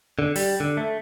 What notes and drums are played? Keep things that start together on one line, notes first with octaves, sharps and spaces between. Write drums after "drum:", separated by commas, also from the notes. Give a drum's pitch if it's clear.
D3
G3, drum: open hi-hat
D3
A3